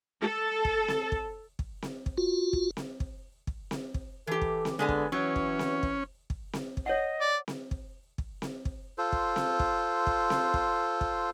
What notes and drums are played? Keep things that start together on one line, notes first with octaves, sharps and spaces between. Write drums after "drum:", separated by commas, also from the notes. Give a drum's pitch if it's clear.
A4
drum: kick
drum: snare C4
drum: kick
drum: kick
drum: snare C4
drum: kick
F4 F#4
drum: kick
drum: snare C4
drum: kick
drum: kick
drum: snare C4
drum: kick
E3 G4 A4
drum: kick
drum: snare C4
D3 G#3 B3 G#5
drum: kick
E3 F#3 C#4
drum: kick
drum: snare C4
drum: kick
drum: kick
drum: snare C4
drum: kick
C#5 D#5 F#5
D5
drum: snare C4
drum: kick
drum: kick
drum: snare C4
drum: kick
F4 A4 C5
drum: kick
drum: snare C4
drum: kick
drum: kick
drum: snare C4
drum: kick
drum: kick